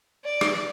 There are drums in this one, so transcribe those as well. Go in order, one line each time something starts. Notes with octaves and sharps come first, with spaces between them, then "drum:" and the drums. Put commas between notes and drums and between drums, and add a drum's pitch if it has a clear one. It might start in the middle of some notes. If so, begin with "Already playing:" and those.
D5
drum: rim click